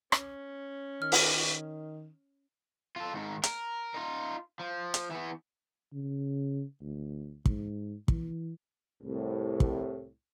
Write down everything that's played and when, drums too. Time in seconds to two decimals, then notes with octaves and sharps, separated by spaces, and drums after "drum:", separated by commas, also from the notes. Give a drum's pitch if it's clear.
0.12 C#4, drum: rim click
1.02 D#3 F6
1.12 drum: open hi-hat
2.96 F4 A4
3.14 G#2 D#3
3.43 A#4, drum: hi-hat
3.94 D#4 F4
4.59 F3
4.94 drum: hi-hat
5.11 E3 B3
5.93 C#3
6.80 D2
7.46 G#2, drum: kick
8.08 E3, drum: kick
9.03 C2 A2
9.60 drum: kick